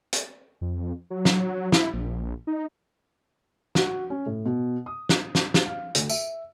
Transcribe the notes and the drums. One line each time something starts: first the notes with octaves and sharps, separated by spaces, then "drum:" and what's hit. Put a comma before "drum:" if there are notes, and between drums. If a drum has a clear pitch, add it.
drum: hi-hat
F2
F#3
drum: snare
E4, drum: snare
A#1
D#4
F#4, drum: snare
C#4
A2
B2
D#6
drum: snare
drum: snare
drum: snare
F5
D2, drum: hi-hat
E5, drum: tambourine